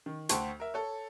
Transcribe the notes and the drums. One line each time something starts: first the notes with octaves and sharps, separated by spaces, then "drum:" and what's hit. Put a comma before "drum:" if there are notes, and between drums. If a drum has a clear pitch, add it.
D#3
D2 C5 F#5 G5 A5 C#6, drum: hi-hat
A#4 E5
A4 C#5